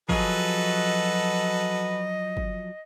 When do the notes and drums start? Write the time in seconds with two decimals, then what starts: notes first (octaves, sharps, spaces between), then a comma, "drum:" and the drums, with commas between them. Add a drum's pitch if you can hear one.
0.09 F3 F#3 F#4 G#4 A4 B4 D#5, drum: kick
2.37 drum: kick